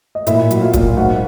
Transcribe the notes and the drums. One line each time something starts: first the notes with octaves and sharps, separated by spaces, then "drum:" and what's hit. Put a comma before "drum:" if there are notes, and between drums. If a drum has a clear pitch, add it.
D#5
A#2 E4 E5, drum: hi-hat
F#3, drum: hi-hat
E5
F4 F5
A#2, drum: kick, hi-hat
G#2 F#4 F#5